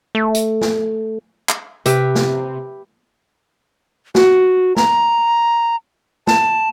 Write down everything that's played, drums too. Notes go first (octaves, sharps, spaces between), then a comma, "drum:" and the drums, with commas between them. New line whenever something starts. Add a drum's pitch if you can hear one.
A3
drum: hi-hat
drum: snare
drum: clap
C3 G4 B4 E5, drum: hi-hat
drum: snare
F#4, drum: snare
A#5, drum: snare
A5, drum: snare